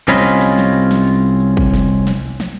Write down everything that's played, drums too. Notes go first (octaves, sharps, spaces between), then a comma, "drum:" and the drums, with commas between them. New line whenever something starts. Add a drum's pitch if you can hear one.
C2 C4 C#4 F4 D#5 B5, drum: snare
drum: snare
drum: snare
drum: hi-hat
drum: snare
drum: hi-hat
drum: hi-hat
drum: kick
drum: snare
drum: snare
drum: snare